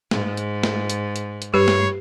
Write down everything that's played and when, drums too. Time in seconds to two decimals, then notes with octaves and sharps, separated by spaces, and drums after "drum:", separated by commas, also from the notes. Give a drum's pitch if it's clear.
0.11 G#2, drum: snare
0.37 drum: hi-hat
0.63 drum: snare
0.90 drum: hi-hat
1.16 drum: hi-hat
1.42 drum: hi-hat
1.54 G2 G4 B4 C#5 C7
1.68 drum: snare